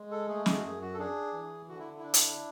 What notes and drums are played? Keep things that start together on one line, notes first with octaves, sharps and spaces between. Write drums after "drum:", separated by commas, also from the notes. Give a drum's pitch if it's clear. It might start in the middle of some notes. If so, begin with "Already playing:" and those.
Already playing: G#3
A4
A3 G#4
G#4, drum: snare
F#4
F#2 G#4
F#4
A4
D4 G#4
E3
D3 F#4
E4
D4 E4
drum: hi-hat